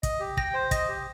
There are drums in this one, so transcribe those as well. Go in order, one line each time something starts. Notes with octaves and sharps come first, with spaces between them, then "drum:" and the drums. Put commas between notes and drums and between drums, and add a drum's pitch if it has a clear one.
D#5, drum: kick, hi-hat
G4
G5 A#6, drum: kick
C5
D#5 A#6, drum: kick, hi-hat
G4